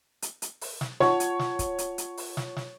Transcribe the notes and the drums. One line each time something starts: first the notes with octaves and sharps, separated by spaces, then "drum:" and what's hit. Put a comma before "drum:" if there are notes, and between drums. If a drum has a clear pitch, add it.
drum: hi-hat
drum: hi-hat
drum: open hi-hat
drum: snare
F4 C#5 F#5 A5 C#6, drum: snare
drum: hi-hat
drum: snare
drum: kick, hi-hat
drum: hi-hat
drum: hi-hat
drum: open hi-hat
drum: snare
drum: snare